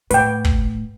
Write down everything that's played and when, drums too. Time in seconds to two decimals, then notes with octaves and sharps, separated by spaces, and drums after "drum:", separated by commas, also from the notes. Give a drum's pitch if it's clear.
0.11 A2 B4 G5, drum: hi-hat
0.45 drum: kick